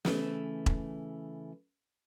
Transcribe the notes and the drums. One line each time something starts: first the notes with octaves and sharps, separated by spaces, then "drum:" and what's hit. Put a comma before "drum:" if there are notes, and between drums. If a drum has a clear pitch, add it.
C#3 E3 A3, drum: snare
drum: kick E1